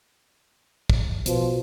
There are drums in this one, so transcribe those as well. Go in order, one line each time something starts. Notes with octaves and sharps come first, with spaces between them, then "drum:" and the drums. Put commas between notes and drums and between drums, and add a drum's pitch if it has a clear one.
drum: kick
B2 F3, drum: hi-hat